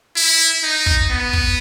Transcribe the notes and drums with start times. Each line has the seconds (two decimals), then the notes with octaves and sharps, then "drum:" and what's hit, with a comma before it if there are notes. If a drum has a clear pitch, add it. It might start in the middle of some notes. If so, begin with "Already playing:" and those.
0.16 E4
0.63 D#4
0.86 drum: kick
1.10 B3
1.33 drum: kick